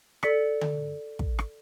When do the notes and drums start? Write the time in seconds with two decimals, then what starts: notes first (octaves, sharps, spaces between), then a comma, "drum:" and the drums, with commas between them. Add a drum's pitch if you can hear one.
0.23 A4 D5 B6 C#7, drum: rim click
0.61 drum: tom D3
1.19 drum: kick
1.39 drum: rim click